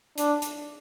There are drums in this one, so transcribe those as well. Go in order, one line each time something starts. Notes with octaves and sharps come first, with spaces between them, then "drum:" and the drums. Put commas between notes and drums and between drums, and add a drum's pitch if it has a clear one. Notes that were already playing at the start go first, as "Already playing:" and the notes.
D4, drum: hi-hat
drum: hi-hat